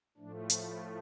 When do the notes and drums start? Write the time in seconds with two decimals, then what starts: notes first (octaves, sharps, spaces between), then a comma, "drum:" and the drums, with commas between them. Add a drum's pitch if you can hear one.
0.17 A2 F3 A3 D4
0.50 drum: hi-hat
0.65 E4